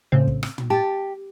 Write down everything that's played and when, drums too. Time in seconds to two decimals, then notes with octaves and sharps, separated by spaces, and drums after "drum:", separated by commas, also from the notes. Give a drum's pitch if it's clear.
0.12 A2 C#3 C4
0.27 drum: kick
0.43 drum: rim click
0.58 drum: tom
0.70 G4 A5